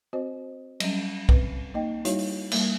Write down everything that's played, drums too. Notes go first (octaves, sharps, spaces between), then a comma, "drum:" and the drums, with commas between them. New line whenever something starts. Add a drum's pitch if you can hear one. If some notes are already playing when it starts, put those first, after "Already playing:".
C4 F#4 C5 D#5
F#3 G3 C#4, drum: cymbal
C4 B4, drum: kick
A#3 D#4 D#5 G5
G3 D#4 E4 F#4 C#5 F5, drum: hi-hat
drum: open hi-hat
G3 A#3 E5, drum: cymbal